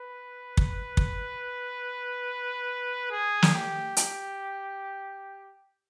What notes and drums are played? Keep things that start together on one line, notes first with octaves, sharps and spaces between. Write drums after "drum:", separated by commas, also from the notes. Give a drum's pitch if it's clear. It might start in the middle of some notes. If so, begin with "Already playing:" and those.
Already playing: B4
drum: kick
drum: kick
G#4
drum: snare
G4
G4, drum: hi-hat